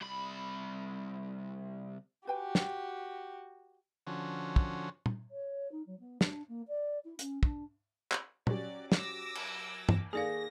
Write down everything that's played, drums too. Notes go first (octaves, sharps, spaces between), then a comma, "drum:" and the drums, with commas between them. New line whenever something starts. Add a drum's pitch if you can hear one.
C2 B5
F#4 G4 B4 G5 G#5
drum: snare
D3 F3 C#4 F#4
drum: kick
drum: tom
C#5
D#4
F#3
B3
D4, drum: snare
A#3
D5
E4
C#4, drum: hi-hat
D4, drum: kick
drum: clap
F#3 C#4 G4 D5, drum: tom
D6 E6 A#6, drum: snare
drum: cymbal
drum: tom
D#3 A#3 G#4 A4 D5 F5 A#6